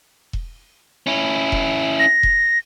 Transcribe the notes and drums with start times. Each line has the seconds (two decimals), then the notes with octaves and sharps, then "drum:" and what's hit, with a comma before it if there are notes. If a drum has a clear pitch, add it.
0.33 drum: kick E1
1.07 C#4 E4
1.52 drum: kick E1
2.00 A#6
2.23 drum: kick E1